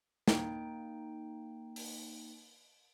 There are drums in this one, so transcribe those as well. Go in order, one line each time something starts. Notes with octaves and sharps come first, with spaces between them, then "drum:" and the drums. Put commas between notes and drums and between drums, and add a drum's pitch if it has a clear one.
A#3 D#4 G5, drum: snare
drum: open hi-hat